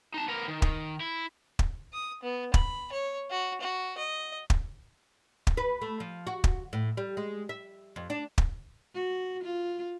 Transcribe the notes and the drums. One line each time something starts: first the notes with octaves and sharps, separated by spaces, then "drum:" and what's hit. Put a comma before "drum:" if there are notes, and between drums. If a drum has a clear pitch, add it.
D#4 A5
B3 A#4
D#3
D#3, drum: kick
E4
drum: kick
D#6
B3
B5, drum: kick
C#5
F#4
F#4
D#5
drum: kick
drum: kick
B4
A3
F3
F#4
drum: kick
A2
G3
G#3
E5
F2
D4
drum: kick
F#4
F4